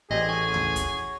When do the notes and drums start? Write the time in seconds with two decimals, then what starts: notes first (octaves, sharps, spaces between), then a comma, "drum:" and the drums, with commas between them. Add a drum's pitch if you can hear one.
0.11 A1 G3 C4 G4 G#4 D#5
0.28 F#4 C#5 G#5
0.54 drum: tom D#2
0.76 drum: kick, hi-hat